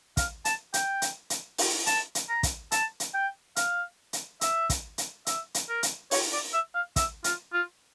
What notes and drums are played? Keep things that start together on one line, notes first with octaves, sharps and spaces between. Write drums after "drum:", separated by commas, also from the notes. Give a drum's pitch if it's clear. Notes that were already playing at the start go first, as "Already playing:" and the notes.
F5, drum: kick, hi-hat
A5, drum: hi-hat
G5, drum: hi-hat
drum: hi-hat
drum: hi-hat
drum: open hi-hat
A5, drum: hi-hat
drum: hi-hat
A#5
drum: kick, hi-hat
A5, drum: hi-hat
drum: hi-hat
G5
F5, drum: hi-hat
drum: hi-hat
E5, drum: hi-hat
drum: kick, hi-hat
drum: hi-hat
E5, drum: hi-hat
drum: hi-hat
A#4
drum: hi-hat
C#5, drum: open hi-hat
D5
E5
F5
E5, drum: kick, hi-hat
F4, drum: hi-hat
F4